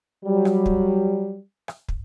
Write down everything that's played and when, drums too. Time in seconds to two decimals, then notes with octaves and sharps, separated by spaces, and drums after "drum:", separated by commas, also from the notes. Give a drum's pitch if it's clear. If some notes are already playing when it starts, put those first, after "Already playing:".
0.25 F#3 G3
0.45 drum: rim click
0.66 drum: kick
1.68 drum: rim click
1.89 drum: kick